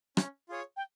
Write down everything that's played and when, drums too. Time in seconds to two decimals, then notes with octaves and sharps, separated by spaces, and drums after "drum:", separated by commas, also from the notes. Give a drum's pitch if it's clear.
0.17 C#4, drum: rim click
0.49 F4 G#4 C#5
0.77 G5